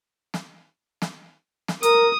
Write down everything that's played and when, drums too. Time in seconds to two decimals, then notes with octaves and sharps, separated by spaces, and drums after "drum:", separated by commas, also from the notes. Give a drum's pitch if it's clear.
0.34 drum: snare
1.02 drum: snare
1.68 drum: snare
1.83 A#4 D#6, drum: hi-hat